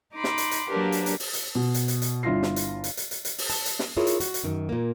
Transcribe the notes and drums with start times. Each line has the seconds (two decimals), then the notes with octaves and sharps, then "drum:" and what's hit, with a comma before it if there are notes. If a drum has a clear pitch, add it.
0.15 D#4 B5 C6 D6
0.24 drum: snare
0.38 drum: hi-hat
0.51 drum: hi-hat
0.70 F#3 A#3 D4 G4 A#4 B4
0.92 drum: hi-hat
1.06 drum: hi-hat
1.20 drum: open hi-hat
1.33 drum: hi-hat
1.55 B2
1.74 drum: hi-hat
1.88 drum: hi-hat
2.02 drum: hi-hat
2.23 G1 D4 E4 F4 A#6 C7
2.43 drum: snare
2.56 drum: hi-hat
2.84 drum: hi-hat
2.97 drum: hi-hat
3.11 drum: hi-hat
3.25 drum: hi-hat
3.38 drum: open hi-hat
3.50 A5, drum: hi-hat
3.66 drum: hi-hat
3.79 drum: snare
3.97 E4 F4 G#4 A#4 C#5
4.07 drum: hi-hat
4.20 F#4, drum: hi-hat
4.34 drum: hi-hat
4.44 F#2 D#3
4.69 A#2 A#3